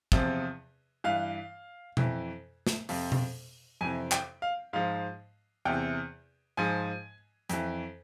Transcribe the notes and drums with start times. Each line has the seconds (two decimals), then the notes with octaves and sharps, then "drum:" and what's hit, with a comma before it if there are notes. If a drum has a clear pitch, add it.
0.12 E2 C3 F3, drum: kick
1.04 G2 E3 F5
1.97 F2 E3, drum: tom B2
2.67 drum: snare
2.89 F2 C3 F3, drum: open hi-hat
3.12 drum: tom B2
3.81 F2 C3 E3 G#5
4.12 G5, drum: clap
4.42 F5
4.73 G#2 F3 F5
5.65 E2 C3 E3 G5
6.57 G#2 F3 G#5
7.50 F2 E3, drum: hi-hat